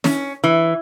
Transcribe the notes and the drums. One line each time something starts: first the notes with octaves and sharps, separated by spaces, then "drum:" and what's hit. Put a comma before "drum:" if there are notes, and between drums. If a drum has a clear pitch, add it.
C#4, drum: snare
E3